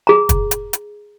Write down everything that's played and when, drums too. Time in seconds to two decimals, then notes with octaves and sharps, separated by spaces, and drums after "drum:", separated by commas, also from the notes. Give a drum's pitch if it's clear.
0.07 G#4 A#5
0.29 drum: kick, hi-hat
0.51 drum: hi-hat
0.73 drum: hi-hat